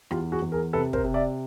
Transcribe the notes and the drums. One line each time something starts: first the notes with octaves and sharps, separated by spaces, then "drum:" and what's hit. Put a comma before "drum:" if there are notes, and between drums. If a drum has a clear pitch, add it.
E2 F4 G4, drum: rim click
F#4 G#4
E2
G#4 A#4
C3 A4 B4
A#4 C5, drum: kick
C3
D5 E5